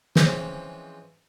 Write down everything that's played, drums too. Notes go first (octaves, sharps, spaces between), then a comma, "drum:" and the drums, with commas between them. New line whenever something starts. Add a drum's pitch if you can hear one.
E3 F3 G#3 C4 C#4, drum: snare